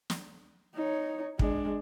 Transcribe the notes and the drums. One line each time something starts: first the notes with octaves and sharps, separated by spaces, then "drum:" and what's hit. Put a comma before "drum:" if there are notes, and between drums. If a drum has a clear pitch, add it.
drum: snare
D#4 C#5
G#3 D4, drum: kick